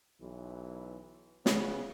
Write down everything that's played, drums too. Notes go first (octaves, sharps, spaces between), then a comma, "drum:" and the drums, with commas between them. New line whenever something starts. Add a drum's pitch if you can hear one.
B1 E3
C#3 E3 B3, drum: snare